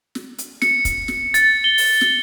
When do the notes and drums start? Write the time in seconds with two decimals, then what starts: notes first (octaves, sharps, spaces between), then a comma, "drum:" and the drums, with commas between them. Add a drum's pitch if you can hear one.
0.15 drum: snare
0.38 drum: hi-hat
0.62 C#7, drum: snare
0.85 drum: kick, hi-hat
1.08 drum: snare
1.34 A6, drum: hi-hat
1.64 G7
1.78 drum: open hi-hat
2.01 drum: snare